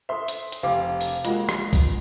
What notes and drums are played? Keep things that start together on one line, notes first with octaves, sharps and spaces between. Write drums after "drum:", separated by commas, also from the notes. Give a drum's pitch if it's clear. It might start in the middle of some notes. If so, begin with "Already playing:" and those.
A4 C5 E5 C6
drum: hi-hat
drum: hi-hat
F1 D4 G4 C5 F5 D6
drum: open hi-hat
G#3 A#3 F4 F#4, drum: hi-hat
drum: rim click
drum: kick B1, open hi-hat